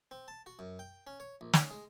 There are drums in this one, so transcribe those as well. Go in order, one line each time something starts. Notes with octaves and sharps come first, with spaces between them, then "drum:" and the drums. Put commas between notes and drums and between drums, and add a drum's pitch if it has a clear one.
C4
A5
F#4
F#2
G5
C#4
C#5
A#1
C#4, drum: snare
G#3